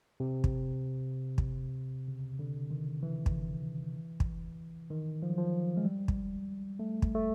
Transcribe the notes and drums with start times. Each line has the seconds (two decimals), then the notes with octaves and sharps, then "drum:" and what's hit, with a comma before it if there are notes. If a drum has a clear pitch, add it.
0.20 C3
0.44 drum: kick
1.38 drum: kick
2.08 C#3
2.39 D3
2.71 D#3
3.03 E3
3.26 drum: kick
4.20 drum: kick
4.91 D#3
5.22 F3
5.30 F#3
5.38 F3
5.77 G#3
5.85 G3
6.08 drum: kick
6.79 A3
7.02 drum: kick
7.15 A3